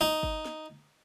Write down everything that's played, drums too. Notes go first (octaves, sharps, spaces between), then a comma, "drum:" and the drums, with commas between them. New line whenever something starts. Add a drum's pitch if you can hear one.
D#4
drum: kick G1
drum: snare